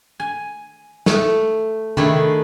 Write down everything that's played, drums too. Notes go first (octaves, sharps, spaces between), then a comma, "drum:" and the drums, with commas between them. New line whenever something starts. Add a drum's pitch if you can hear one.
G#5
A3, drum: snare
D#3 A3 D4 E4 G#4, drum: tom C3